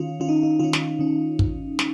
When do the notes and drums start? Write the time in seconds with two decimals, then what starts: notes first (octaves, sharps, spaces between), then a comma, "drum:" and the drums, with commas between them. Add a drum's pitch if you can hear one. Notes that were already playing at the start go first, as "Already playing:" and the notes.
Already playing: D#3 C#4 F4
0.20 D#3 C#4 F4
0.29 D#4
0.43 D#4
0.59 D#3 C#4 F4
0.73 drum: snare
0.99 D#3 C#4
1.39 drum: kick
1.79 drum: snare